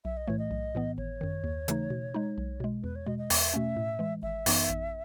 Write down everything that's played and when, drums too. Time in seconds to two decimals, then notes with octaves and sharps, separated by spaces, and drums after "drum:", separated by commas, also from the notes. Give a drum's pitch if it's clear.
0.04 B1 E5
0.17 D#5
0.27 A2 E3 A3 C#5
0.39 D#5
0.51 B1
0.75 A2 E3 B3
0.97 G#1 C#5
1.21 F#2 D#3
1.44 D#2
1.68 C#3 E3 A3 D#4, drum: hi-hat
1.90 B2
2.14 G#3 D#4
2.38 B1
2.60 B2 G#3
2.83 E2 B4
2.95 C#5
3.06 B2 G#3 D#5
3.18 D#5
3.30 E2 E5, drum: open hi-hat
3.54 B2 A3 C#4
3.76 A2
3.99 E3 G#3
4.22 G#1 E5
4.46 F#2 E3 B3 D#4, drum: open hi-hat
4.69 A1